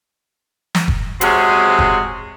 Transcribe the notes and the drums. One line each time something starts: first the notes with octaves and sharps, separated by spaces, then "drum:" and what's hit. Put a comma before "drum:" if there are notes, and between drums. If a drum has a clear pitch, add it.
drum: snare
drum: kick F1
C3 G#3 C4 C#4 F#4 G#4, drum: hi-hat
drum: kick F1